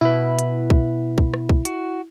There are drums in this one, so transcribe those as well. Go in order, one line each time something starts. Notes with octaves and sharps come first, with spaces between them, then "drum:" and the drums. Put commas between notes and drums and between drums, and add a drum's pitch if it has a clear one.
B2 E4 B4
drum: hi-hat
drum: kick
drum: kick
drum: rim click
drum: kick
F#4, drum: hi-hat